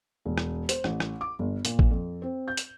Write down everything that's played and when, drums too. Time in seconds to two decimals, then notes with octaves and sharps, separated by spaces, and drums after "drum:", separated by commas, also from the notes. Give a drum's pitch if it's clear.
0.25 E1
0.38 drum: rim click
0.69 C5, drum: hi-hat
0.84 A1, drum: rim click
1.00 drum: rim click
1.21 D6
1.39 G1
1.65 A#2, drum: hi-hat
1.79 drum: kick A1
1.90 F2
2.22 C4
2.48 G6
2.57 drum: hi-hat